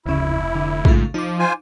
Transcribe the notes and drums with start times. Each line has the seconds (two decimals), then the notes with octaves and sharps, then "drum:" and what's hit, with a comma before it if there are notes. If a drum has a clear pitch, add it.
0.06 F1 D2 C#3 E4
0.55 D3
0.85 G#2 C#3 A3 F4, drum: kick
1.14 F3 D#4 D6
1.39 F4 C5 G#5